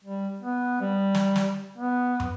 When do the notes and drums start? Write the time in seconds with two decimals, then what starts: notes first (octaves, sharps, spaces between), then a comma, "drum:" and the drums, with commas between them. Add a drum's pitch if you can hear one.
0.04 G3
0.42 B3
0.81 G3
1.15 drum: snare
1.36 drum: snare
1.78 B3
2.20 drum: tom